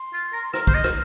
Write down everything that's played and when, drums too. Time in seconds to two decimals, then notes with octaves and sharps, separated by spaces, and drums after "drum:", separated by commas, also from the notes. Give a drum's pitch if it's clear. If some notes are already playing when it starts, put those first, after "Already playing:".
Already playing: C6
0.13 F4
0.33 A#4
0.54 A#4 F6, drum: rim click
0.67 C5, drum: kick
0.74 D#5
0.84 drum: rim click